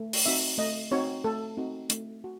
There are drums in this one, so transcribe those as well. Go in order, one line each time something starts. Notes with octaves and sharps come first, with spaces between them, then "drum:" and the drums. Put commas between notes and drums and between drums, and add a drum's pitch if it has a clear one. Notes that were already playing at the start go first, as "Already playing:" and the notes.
Already playing: A3
drum: open hi-hat
C4 D#4 F#4 E5
A3 D#5
C4 D#4 F#4 C#5
A3 A4
C4 D#4 F#4
A3, drum: hi-hat
F#4